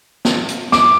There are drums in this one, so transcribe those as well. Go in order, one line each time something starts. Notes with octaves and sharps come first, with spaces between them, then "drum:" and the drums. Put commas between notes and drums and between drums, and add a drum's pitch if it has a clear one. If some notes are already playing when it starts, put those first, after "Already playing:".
drum: snare
drum: hi-hat
D6, drum: snare